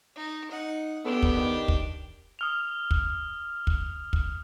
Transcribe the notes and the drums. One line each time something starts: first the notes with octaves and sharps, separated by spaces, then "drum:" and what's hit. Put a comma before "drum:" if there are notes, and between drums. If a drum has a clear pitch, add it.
D#4
D#4 F#5
B3 D4 G4 A4
drum: kick
D#3
drum: kick
D#6 F6 F7
drum: kick
drum: kick
drum: kick